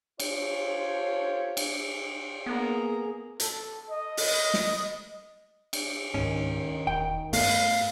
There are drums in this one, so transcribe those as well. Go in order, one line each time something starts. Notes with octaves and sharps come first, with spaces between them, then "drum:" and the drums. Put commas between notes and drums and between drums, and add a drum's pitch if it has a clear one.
F4 G4 A4 C5 C#5, drum: cymbal
drum: cymbal
A#3 B3 G#4 A#5
A4, drum: hi-hat
D#5
drum: open hi-hat
drum: snare
drum: cymbal
C#2 G#2 D#3 C#4
E1 G5
G2 A3 B3 F5, drum: open hi-hat